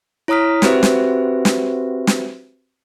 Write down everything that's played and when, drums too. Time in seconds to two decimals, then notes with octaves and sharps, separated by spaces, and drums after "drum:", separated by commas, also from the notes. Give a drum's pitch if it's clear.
0.28 E4 C#5 A#5 D#6 F6 B6
0.62 C4 F#4 G4 B4 C5 E5, drum: snare
0.83 drum: snare
1.45 drum: snare
2.07 drum: snare